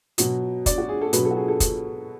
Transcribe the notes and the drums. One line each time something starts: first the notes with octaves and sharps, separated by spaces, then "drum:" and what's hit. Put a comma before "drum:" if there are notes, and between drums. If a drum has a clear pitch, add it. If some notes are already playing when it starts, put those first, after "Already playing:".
B2 F#3, drum: hi-hat
D5, drum: kick, hi-hat
F#4
G#4
A4
B2 F#3 B4, drum: hi-hat
A4
F#4
G#4
A4
drum: kick, hi-hat